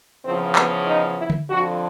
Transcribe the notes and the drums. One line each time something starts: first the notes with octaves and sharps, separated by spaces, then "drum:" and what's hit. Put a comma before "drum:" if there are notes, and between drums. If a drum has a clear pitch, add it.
E2 C#3 F3 C4
B3, drum: clap
D#4
E4
drum: tom D3
F2 D3 F3 F#4